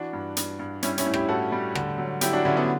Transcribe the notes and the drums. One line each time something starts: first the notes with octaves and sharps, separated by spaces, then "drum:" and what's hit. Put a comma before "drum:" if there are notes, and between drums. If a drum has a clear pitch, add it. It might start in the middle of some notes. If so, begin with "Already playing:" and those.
Already playing: E3 D4 F#4
G2
G2, drum: hi-hat
G2
G3 C#4 E4, drum: hi-hat
C#4 E4, drum: hi-hat
A2
E4 G4, drum: rim click
A2 F#4 A4
G3
D3, drum: rim click
F#3
F#3 E4 G4, drum: hi-hat
D4 F#4
D3 C#4 E4
B3 D4